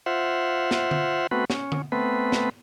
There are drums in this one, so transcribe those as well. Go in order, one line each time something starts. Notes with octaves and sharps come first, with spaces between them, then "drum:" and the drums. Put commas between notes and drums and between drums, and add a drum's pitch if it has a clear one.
F4 C5 E5 F#5
drum: snare
drum: tom D3
A3 B3 C4 F#4 B4
C#4, drum: snare
drum: tom D3
A3 B3 C4 B4
drum: snare